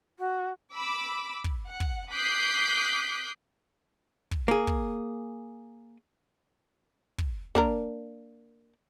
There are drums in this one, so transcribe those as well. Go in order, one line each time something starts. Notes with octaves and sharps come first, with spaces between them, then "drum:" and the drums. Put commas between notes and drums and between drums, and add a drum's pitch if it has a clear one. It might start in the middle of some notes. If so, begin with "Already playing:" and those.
F#4
B5 D6 E6
drum: kick
F#5
drum: kick
D6 D#6 F#6 G6 B6 C7
drum: kick
A#3 G#4
drum: kick
drum: kick
A#3 D4 A#4, drum: kick